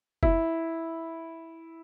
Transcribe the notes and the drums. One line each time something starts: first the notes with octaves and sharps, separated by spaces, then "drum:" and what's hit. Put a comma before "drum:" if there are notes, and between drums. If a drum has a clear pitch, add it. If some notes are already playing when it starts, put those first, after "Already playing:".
E4, drum: kick F#1